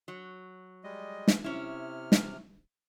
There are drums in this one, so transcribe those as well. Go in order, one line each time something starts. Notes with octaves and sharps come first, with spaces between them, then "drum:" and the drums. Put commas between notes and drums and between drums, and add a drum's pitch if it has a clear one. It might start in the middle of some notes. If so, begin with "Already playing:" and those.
F#3
G3 G#3 D#5
drum: snare
C3 C#4 E4 F6
drum: snare